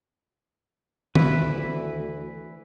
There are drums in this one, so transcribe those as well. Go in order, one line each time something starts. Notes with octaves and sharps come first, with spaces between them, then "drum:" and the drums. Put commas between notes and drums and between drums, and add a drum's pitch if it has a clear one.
D2 E3 E4 B4, drum: tom